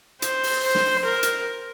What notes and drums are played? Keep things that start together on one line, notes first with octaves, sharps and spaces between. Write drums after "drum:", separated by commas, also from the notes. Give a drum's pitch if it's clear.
C5, drum: hi-hat
drum: open hi-hat
C5
drum: snare
A#4
drum: hi-hat